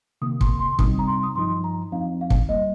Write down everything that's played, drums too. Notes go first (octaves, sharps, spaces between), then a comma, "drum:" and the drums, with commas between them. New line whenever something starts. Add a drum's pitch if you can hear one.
C3 D#3 A#3 D#6
C6, drum: kick
C6
C3 G3 C4 D#4 D#6, drum: kick
A#5
C6
D#6
G2 F3 D#4 C6
A#5
F2 F3 C4 D#4 F5
F5
drum: kick
G3 A#3 D#5